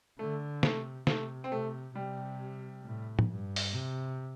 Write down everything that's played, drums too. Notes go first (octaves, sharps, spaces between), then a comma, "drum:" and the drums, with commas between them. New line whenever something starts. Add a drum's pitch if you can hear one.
D3 A3
C3 A3, drum: snare
C3 A3, drum: snare
C4
C3 A3
C3 G3
A2
drum: tom
G2
drum: open hi-hat
C3